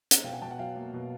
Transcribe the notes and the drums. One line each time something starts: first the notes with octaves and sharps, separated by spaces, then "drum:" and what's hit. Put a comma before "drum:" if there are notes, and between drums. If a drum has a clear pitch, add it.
drum: hi-hat
B2 F5 G5
F#5 G#5
B2 G5 A5
F#5 G#5
F#3 F5 G5
A#3
B2